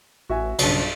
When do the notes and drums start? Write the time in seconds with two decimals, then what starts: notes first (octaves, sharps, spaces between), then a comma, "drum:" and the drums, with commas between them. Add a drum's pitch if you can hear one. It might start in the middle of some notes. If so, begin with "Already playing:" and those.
0.29 A1 F#4 E5 G#5
0.59 B1 G2 C#3, drum: cymbal